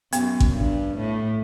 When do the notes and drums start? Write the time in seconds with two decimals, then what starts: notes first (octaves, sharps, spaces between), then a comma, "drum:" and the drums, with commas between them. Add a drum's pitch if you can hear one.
0.12 F#2 B3, drum: hi-hat
0.40 drum: kick A1
0.55 G2
0.97 A2